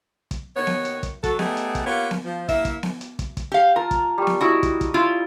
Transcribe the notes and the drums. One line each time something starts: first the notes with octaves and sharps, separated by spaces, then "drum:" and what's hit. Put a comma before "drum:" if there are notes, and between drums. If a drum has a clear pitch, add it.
drum: kick, hi-hat
D#2 D#3 B3 C#5
drum: snare B3
drum: hi-hat
drum: kick, hi-hat
F#3 F#4 A4, drum: kick, hi-hat
G3 A3 B3 D#4 G#4, drum: snare B3
drum: hi-hat
drum: kick, hi-hat
A#3 B3 F4 G4 B4 C#5
drum: snare B3
F3
G2 A#3 E4 E5, drum: kick, hi-hat
drum: kick, hi-hat
drum: snare B3
drum: hi-hat
drum: kick, hi-hat
drum: kick, hi-hat
G4 F5
F4 A#4 A5 A#5
drum: kick, hi-hat
G3 C#6
drum: snare B3
E4 F#4 D#5
drum: kick, hi-hat
drum: kick, hi-hat
E4 F4